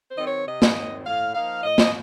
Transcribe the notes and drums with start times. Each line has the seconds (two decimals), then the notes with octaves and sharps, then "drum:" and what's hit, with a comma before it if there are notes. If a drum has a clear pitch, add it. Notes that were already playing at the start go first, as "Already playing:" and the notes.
0.09 C5
0.18 D#3 F#3 C4 D#5
0.27 C#5
0.47 C3 D#5
0.62 drum: snare
0.76 D#3 F#3 C4
1.06 A2 F5
1.35 F3 A#3 D#4 F5
1.63 A2 D#5
1.78 drum: snare